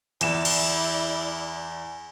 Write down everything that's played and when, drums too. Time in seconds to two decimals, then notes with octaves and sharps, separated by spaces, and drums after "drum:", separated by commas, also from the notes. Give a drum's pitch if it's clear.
0.21 E2 E4 D5 E7, drum: hi-hat
0.45 drum: cymbal